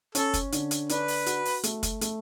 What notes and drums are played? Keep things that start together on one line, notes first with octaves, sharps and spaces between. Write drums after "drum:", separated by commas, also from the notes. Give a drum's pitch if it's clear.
C#4 A4, drum: hi-hat
drum: kick, hi-hat
D3, drum: hi-hat
drum: hi-hat
D4 B4, drum: hi-hat
drum: open hi-hat
F#4, drum: hi-hat
drum: open hi-hat
A3, drum: hi-hat
drum: kick, hi-hat
A3, drum: hi-hat